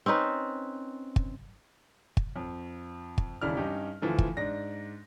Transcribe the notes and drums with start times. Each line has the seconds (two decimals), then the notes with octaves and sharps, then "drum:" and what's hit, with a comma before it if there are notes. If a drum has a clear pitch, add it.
0.06 C4 C#4 D#4 B4
1.16 drum: kick
2.17 drum: kick
2.36 F2
3.18 drum: kick
3.41 E1 D#2 C#3 E4 D5 F6
3.57 G2 C#4 D#4 G4
4.02 D2 E3 F3 A3
4.18 drum: kick
4.37 G#2 D4 D5 A#6